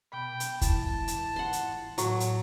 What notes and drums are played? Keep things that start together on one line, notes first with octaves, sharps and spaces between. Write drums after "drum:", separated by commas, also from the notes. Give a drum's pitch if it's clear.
B2 G5 B5
drum: hi-hat
G#2 E3 E4 A5, drum: kick, hi-hat
drum: hi-hat
F#5 C6
drum: hi-hat
A2 F#3 A#5, drum: hi-hat
drum: hi-hat